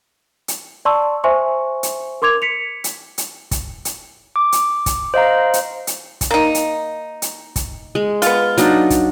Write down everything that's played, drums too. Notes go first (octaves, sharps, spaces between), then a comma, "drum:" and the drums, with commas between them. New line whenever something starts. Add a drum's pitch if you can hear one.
drum: hi-hat
D5 A5 C6 C#6 E6
C5 E5 G#5 C6 C#6
drum: hi-hat
A#4 C6 D6 G#6 F7
B6 C#7 F7
drum: hi-hat
drum: hi-hat
drum: kick, hi-hat
drum: hi-hat
D6
drum: hi-hat
drum: kick, hi-hat
C5 D#5 F5 A#5
drum: hi-hat
drum: hi-hat
drum: kick, hi-hat
A#3 D#4
drum: hi-hat
drum: hi-hat
drum: kick, hi-hat
G#3
B3 F4, drum: hi-hat
F#3 D4 D#4, drum: hi-hat
drum: kick, hi-hat